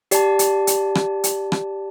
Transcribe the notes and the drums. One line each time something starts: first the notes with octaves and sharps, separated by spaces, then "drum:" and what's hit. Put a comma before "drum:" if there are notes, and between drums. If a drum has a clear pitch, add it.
G4 D5 A5, drum: hi-hat
drum: hi-hat
drum: hi-hat
drum: rim click
drum: hi-hat
drum: rim click